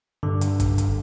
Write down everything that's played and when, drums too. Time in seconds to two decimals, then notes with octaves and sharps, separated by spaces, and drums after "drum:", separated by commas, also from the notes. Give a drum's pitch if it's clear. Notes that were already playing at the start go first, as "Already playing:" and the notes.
0.23 G2 D3
0.41 drum: hi-hat
0.60 drum: kick, hi-hat
0.78 drum: hi-hat